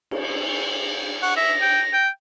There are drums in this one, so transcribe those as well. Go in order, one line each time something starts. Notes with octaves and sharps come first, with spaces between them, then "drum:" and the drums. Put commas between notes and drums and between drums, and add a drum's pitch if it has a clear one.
drum: cymbal
F#5 C#6
E5 A#6
G5
G5